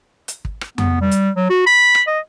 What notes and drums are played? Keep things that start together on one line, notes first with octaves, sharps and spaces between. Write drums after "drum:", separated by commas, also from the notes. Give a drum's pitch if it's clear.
drum: hi-hat
drum: kick
drum: rim click
B3, drum: tom F2
G3
drum: hi-hat
F#3
F#4
B5
drum: rim click
D#5